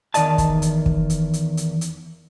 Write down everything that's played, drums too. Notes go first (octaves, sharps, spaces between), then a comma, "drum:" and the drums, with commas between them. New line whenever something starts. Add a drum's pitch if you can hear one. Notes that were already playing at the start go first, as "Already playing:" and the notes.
E2 D#3 D5 D#5 A5, drum: hi-hat
drum: kick, hi-hat
drum: hi-hat
drum: kick
drum: hi-hat
drum: hi-hat
drum: hi-hat
drum: hi-hat